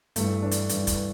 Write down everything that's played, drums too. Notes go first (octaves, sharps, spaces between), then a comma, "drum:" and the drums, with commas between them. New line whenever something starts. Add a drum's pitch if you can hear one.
G2 E3 A3, drum: hi-hat
D4
drum: hi-hat
G2 E3, drum: hi-hat
drum: kick, hi-hat